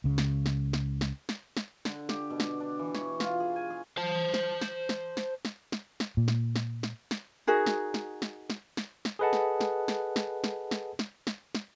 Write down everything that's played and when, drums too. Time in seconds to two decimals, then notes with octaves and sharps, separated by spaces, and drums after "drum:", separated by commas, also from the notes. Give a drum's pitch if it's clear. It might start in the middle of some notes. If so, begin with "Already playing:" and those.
0.04 C#2 C#3
0.18 drum: snare
0.46 drum: snare
0.73 drum: snare
1.01 drum: snare
1.29 drum: snare
1.57 drum: snare
1.85 D3, drum: snare
2.09 G4, drum: snare
2.30 B2
2.40 drum: snare
2.60 D4
2.79 E3
2.95 C#5, drum: snare
3.20 F4, drum: snare
3.40 G#4
3.56 G#5
3.70 G#4
3.97 C5 A5
4.34 drum: snare
4.62 drum: snare
4.89 drum: snare
5.17 drum: snare
5.45 drum: snare
5.72 drum: snare
6.00 drum: snare
6.17 A#2
6.28 drum: snare
6.56 drum: snare
6.83 drum: snare
7.11 drum: snare
7.47 D#4 F#4 G#4 A#4
7.66 drum: snare
7.94 drum: snare
8.22 drum: snare
8.50 drum: snare
8.77 drum: snare
9.05 drum: snare
9.19 G#4 A4 B4 D#5 F#5 A5
9.33 drum: snare
9.61 drum: snare
9.88 drum: snare
10.16 drum: snare
10.44 drum: snare
10.71 drum: snare
10.99 drum: snare
11.27 drum: snare
11.55 drum: snare